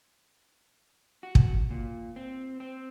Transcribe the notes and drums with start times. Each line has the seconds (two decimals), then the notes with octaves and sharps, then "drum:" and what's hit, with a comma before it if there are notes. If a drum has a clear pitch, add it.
1.23 F#4
1.35 drum: kick
1.70 A#2
2.16 C4
2.60 C4